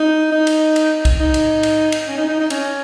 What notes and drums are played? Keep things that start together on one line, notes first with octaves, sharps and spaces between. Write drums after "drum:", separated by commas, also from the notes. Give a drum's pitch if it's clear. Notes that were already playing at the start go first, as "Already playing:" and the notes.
Already playing: D#4
D#4
drum: cymbal
drum: cymbal
drum: kick B1, cymbal
D#4
drum: cymbal
drum: cymbal
drum: cymbal
C#4
D#4
D#4
D#4
C#4, drum: cymbal